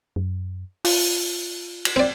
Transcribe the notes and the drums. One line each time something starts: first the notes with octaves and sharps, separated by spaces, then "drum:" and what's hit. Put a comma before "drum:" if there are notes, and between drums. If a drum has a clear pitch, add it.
F#2
F4, drum: open hi-hat
drum: cymbal
C4 D5